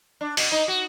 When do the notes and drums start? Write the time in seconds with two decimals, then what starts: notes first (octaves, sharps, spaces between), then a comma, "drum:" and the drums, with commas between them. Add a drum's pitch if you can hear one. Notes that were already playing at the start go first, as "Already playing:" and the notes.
0.21 D4
0.37 B2, drum: open hi-hat
0.52 D#4
0.68 F#4